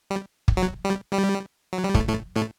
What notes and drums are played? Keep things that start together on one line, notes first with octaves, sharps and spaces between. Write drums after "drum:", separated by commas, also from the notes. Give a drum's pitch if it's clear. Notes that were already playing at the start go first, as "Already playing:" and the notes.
G3
drum: kick
F#3
G3
G3
F#3
G3
A2 A3, drum: kick
A2 A3
A2 A3